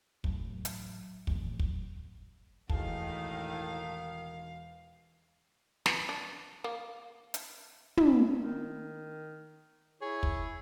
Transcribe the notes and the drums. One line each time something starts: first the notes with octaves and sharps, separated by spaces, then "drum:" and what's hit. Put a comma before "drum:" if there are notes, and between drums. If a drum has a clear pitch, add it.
A1 F#3, drum: kick
drum: hi-hat
F2 A2 E3 F#3, drum: kick
drum: kick
E1 A2 D#3 G#4 F5 A5, drum: kick
E3, drum: snare
D4
A#3
drum: hi-hat
drum: tom
D#3
E4 G#4 C#5
drum: kick